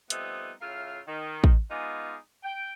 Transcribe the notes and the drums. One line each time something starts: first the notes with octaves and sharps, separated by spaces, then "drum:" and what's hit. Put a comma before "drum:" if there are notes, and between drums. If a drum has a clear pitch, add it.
F3 G3 A3 B3 C4 D#4, drum: hi-hat
A2 C#3 F4 A#4 E5 F5
D#3
drum: kick
G#3 B3 D#4 F4 G#4 D5
G5